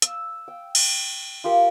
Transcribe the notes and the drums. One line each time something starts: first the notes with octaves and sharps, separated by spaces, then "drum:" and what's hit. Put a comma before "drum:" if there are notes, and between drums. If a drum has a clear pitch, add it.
E6, drum: hi-hat
G5
drum: cymbal
F4 G4 A#4 F5